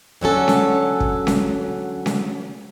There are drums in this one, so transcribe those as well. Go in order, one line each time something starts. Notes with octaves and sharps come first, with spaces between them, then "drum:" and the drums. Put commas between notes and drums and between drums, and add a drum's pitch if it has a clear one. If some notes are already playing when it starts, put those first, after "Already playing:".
D3 F#3 C#4 A4
drum: snare C#4
drum: kick
drum: snare C#4
drum: snare C#4